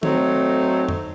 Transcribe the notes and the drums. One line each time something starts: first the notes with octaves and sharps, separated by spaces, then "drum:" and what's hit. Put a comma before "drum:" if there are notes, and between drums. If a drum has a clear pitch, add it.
F#3 A3 C4 D#4, drum: tom
drum: tom F2